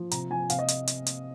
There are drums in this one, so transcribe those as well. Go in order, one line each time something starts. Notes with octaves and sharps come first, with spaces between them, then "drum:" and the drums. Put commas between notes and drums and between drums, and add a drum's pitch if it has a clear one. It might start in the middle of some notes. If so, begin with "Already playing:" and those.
Already playing: F3
C3 A#5, drum: hi-hat
F3 G#5
C3 F5, drum: hi-hat
D#5
drum: hi-hat
drum: hi-hat
drum: hi-hat